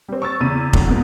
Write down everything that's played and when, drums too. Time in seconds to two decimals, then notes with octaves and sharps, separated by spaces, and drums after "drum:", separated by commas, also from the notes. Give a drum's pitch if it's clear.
0.08 G3 C4
0.22 C#6 E6 A6
0.40 E2 C#3 E6 D#7
0.73 A2 D3 F#3, drum: kick F1
0.87 G#2 B2 A#3